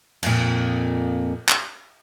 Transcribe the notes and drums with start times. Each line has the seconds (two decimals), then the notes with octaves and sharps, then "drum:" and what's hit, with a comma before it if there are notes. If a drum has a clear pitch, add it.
0.23 F2 A#2, drum: cymbal
1.49 drum: clap